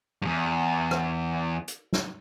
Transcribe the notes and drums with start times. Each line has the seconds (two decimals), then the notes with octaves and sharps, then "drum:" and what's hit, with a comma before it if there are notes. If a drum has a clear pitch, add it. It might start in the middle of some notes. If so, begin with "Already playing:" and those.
0.22 E2 G2
0.91 drum: rim click
1.68 drum: hi-hat
1.93 drum: snare